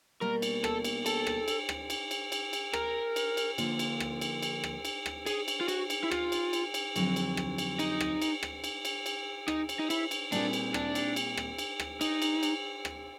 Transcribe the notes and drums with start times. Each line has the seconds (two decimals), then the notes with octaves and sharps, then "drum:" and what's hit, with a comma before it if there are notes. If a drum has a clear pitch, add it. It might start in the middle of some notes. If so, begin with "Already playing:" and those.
0.21 B2 G3 A#3 A#4
0.42 drum: cymbal
0.64 A4, drum: rim click
0.84 drum: cymbal
1.06 A4, drum: cymbal
1.27 drum: rim click
1.48 drum: cymbal
1.69 drum: rim click
1.90 drum: cymbal
2.11 drum: cymbal
2.32 drum: cymbal
2.53 drum: cymbal
2.73 A#4, drum: rim click
3.16 drum: cymbal
3.37 drum: cymbal
3.58 D3 F3 A#3, drum: cymbal
3.79 drum: cymbal
4.00 drum: rim click
4.21 drum: cymbal
4.42 drum: cymbal
4.64 drum: rim click
4.85 drum: cymbal
5.06 drum: rim click
5.26 G#4, drum: cymbal
5.48 drum: cymbal
5.61 F4
5.68 F#4, drum: cymbal
5.90 drum: cymbal
6.04 E4
6.11 F4, drum: rim click
6.32 drum: cymbal
6.53 drum: cymbal
6.74 drum: cymbal
6.96 F2 D3 F#3, drum: cymbal
7.16 drum: cymbal
7.37 drum: rim click
7.58 drum: cymbal
7.79 D#4, drum: cymbal
8.00 drum: rim click
8.22 drum: cymbal
8.43 drum: rim click
8.64 drum: cymbal
8.85 drum: cymbal
9.06 drum: cymbal
9.48 D#4, drum: rim click
9.69 drum: cymbal
9.79 D#4
9.90 E4, drum: cymbal
10.11 drum: cymbal
10.32 A#2 G3 C4 D4 E4 G#4, drum: cymbal
10.53 drum: cymbal
10.74 D4, drum: rim click
10.95 drum: cymbal
11.16 drum: cymbal
11.37 drum: rim click
11.58 drum: cymbal
11.80 drum: rim click
12.01 D#4, drum: cymbal
12.22 drum: cymbal
12.43 drum: cymbal
12.85 drum: rim click